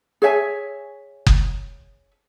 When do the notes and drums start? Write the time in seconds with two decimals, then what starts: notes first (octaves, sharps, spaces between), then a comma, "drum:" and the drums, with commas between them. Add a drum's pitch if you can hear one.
0.22 G#4 C#5 E5 G#5
1.26 drum: kick F#1